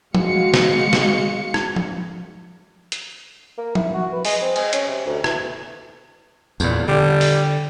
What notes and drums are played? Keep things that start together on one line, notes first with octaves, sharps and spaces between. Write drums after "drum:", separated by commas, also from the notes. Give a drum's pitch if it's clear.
G#3 F#4 F5 C#7, drum: tom F3
drum: snare
drum: snare
drum: rim click
drum: tom F3
drum: hi-hat
A#3
E4, drum: tom F3
F#4
B4
G#3, drum: open hi-hat
C4
G#3, drum: cymbal
C#4, drum: hi-hat
C3
D2
E3, drum: rim click
E2 A#2, drum: tambourine
D3 G3
drum: open hi-hat